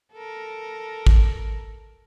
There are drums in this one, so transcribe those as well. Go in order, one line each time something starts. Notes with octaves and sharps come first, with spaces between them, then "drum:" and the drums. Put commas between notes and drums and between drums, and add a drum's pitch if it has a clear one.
A4 A#4
drum: kick